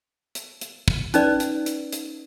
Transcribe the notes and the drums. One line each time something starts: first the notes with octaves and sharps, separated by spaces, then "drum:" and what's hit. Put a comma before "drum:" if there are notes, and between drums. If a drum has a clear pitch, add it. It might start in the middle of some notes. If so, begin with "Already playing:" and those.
drum: hi-hat
drum: hi-hat
drum: kick
C#4 D#4 B4 D5, drum: hi-hat
drum: hi-hat
drum: hi-hat
drum: hi-hat